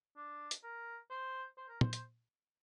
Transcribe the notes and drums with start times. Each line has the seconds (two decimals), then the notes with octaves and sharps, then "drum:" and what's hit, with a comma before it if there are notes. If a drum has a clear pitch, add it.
0.17 D4
0.51 drum: hi-hat
0.64 A#4
1.10 C5
1.58 C5
1.69 A#4
1.81 C5, drum: tom
1.93 C5, drum: hi-hat